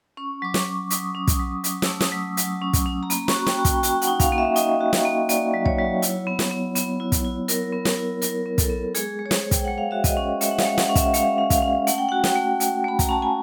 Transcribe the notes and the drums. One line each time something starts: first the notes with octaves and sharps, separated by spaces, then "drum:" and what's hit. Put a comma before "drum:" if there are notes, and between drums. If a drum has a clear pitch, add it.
C#4 C#6
F#3 D6
C#6, drum: snare
F#3
F#3 D#6, drum: hi-hat
C#4
D#6, drum: kick, hi-hat
F#3
F#3, drum: hi-hat
E6, drum: snare
A3
D#6, drum: snare
F#3
F#3, drum: hi-hat
C#4
drum: kick, hi-hat
C#4
A#5
A#3 B5, drum: hi-hat
C#6, drum: snare
F#4
G5, drum: snare
F#4
G5, drum: kick, hi-hat
F#4 G5, drum: hi-hat
F#5, drum: hi-hat
D#4
F5, drum: kick, hi-hat
A#3
E5
D#4 D#5, drum: hi-hat
F#4
drum: snare
A#3
A#3 D5, drum: hi-hat
F#3
C#5, drum: kick
F#3
E4, drum: hi-hat
B3
drum: snare
B3
B3, drum: hi-hat
E4
drum: kick, hi-hat
E4
E4 A#4, drum: hi-hat
B3
A#4, drum: snare
E4
E4 A#4, drum: hi-hat
B3
A4, drum: kick, hi-hat
B3
G#3 G#4, drum: hi-hat
G#3
C#5
C5, drum: snare
G#3
G5, drum: kick, hi-hat
G#3 F#5
F5
F#4 E5
D#5, drum: kick, hi-hat
C#4
G#3 E5, drum: hi-hat
F#5
F5, drum: snare
G#3
F#5, drum: snare
C#4
E5, drum: kick, hi-hat
G#3 F5, drum: hi-hat
C#4
F5, drum: kick, hi-hat
C#4
A3 F#5, drum: hi-hat
G5
F#4 F#5
G5, drum: snare
A3
A3, drum: hi-hat
A3 B5
A#5, drum: kick, hi-hat
C#4 A5
G#5